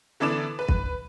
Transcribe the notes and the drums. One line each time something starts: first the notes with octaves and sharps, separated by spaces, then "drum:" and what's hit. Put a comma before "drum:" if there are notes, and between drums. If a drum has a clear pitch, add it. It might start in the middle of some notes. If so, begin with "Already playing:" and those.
D3 E3 B3 D4 D6 E7
B4
drum: kick